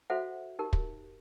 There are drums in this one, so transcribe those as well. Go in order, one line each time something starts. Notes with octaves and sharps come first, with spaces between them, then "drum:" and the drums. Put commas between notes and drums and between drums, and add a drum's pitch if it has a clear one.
F#4 A4 C5 E5 F#5
D#4 G4 A#4
drum: kick